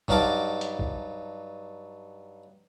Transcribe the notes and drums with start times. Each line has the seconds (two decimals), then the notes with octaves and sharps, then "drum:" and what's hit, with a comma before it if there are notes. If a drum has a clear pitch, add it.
0.08 G2 F#3 D#4 F5 A5 D6, drum: kick
0.61 drum: hi-hat
0.79 drum: kick